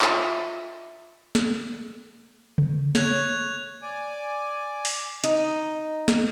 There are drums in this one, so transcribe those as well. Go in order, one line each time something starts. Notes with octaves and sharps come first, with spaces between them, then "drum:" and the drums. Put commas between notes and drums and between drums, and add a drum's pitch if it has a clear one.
F4 D#5 E5, drum: clap
drum: snare
drum: tom C#3
C#5 F#6 G#6 F7, drum: snare
D5 G#5
drum: open hi-hat
D#4, drum: hi-hat
drum: snare